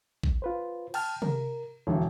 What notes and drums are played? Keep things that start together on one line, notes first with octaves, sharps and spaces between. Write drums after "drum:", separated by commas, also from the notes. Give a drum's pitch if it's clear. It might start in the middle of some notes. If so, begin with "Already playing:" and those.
drum: kick
F4 B4 C5
G5 A5 F6, drum: cymbal
A#4, drum: tom C3
E1 F2 D3 E3 F#3